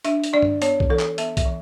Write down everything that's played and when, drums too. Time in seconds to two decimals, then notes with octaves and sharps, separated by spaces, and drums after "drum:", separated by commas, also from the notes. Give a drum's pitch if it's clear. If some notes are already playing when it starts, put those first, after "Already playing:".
0.05 D4 E5, drum: hi-hat
0.24 drum: hi-hat
0.33 D4 D5
0.42 drum: tom G2
0.62 B3 C#5, drum: hi-hat
0.80 drum: kick
0.90 E3 A4
0.99 drum: clap
1.18 B3 E5, drum: hi-hat
1.37 E5, drum: kick, hi-hat
1.46 E3